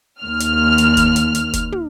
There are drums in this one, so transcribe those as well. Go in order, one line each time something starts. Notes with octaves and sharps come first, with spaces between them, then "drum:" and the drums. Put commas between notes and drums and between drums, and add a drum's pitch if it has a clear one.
D#2 F6
drum: hi-hat
drum: hi-hat
drum: kick, hi-hat
drum: hi-hat
drum: hi-hat
drum: kick, hi-hat
drum: tom